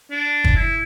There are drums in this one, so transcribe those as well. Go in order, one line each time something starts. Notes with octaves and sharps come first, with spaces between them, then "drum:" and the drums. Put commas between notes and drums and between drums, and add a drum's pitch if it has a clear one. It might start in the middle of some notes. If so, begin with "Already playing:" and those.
D4
drum: kick
E4